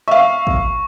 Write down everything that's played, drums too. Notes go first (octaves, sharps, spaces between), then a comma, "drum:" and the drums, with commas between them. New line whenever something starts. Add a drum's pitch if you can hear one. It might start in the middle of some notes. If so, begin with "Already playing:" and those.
E5 F5 C#6
drum: kick